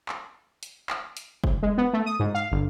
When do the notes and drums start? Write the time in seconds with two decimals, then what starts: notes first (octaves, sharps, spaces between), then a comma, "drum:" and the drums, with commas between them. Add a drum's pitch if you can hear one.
0.09 drum: clap
0.63 drum: hi-hat
0.90 drum: clap
1.17 drum: hi-hat
1.44 drum: kick
1.63 G#3
1.78 B3
1.93 A3
2.06 D#6
2.20 G#2
2.35 F5
2.51 G1